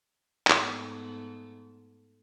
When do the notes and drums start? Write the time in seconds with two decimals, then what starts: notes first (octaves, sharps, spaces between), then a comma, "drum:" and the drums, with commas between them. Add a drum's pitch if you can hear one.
0.47 G#2 A3 B3, drum: clap